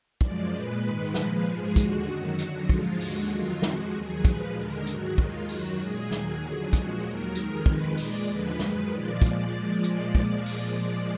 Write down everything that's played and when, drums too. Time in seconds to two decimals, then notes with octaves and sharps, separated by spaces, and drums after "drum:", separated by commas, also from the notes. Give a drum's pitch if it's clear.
0.21 F#2 F3 G#3 D5, drum: kick
0.52 A#2 G#3 B4
0.83 G#2 D#3 G#3 B4
1.14 A#2 F3 G#3, drum: snare
1.45 G#2 F3 G#3 G#4
1.76 D#2 D3 G#3 F#4, drum: kick, hi-hat
2.07 F#2 D#3 F#3
2.38 F2 D3 F#3, drum: hi-hat
2.69 G#2 F3 G#3 F4, drum: kick
3.00 D#2 D3 G#3 F#4, drum: open hi-hat
3.31 F2 D#3 F#3 F4
3.62 F2 F3 G#3 F#4, drum: snare
3.94 D#2 D#3 F#3 G#4
4.25 A#2 F3 G#3 B4, drum: kick, hi-hat
4.56 D#2 D3 G#3 A#4
4.87 G#2 D#3 F#3 F#4, drum: hi-hat
5.18 D#2 D#3 G#3 F4, drum: kick
5.49 F#2 D#3 F#3 F#4, drum: open hi-hat
5.80 A#2 G#3 G#4
6.11 D#2 D#3 F#3, drum: snare
6.42 F2 D3 F#3
6.73 A#2 F3 G#3 F#4, drum: kick, hi-hat
7.04 D#2 D#3 F#3 A#4
7.35 F2 D#3 G#3 A#4, drum: hi-hat
7.66 F2 D#3 G#3 B4, drum: kick
7.97 A#2 G#3 D5, drum: open hi-hat
8.29 D#2 D3 F3 G#3 B4
8.59 F#2 D#3 G#3, drum: snare
8.90 A#2 F3 G#3 D5
9.22 drum: kick, hi-hat
9.84 drum: hi-hat
10.15 drum: kick
10.46 drum: open hi-hat